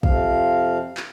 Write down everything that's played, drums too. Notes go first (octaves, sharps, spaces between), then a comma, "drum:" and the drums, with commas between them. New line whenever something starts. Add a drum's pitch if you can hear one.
F2 C3 F3 F5, drum: kick
drum: clap